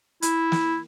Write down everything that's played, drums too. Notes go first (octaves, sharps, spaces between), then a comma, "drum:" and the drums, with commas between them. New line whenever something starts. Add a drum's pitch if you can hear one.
E4, drum: hi-hat
drum: snare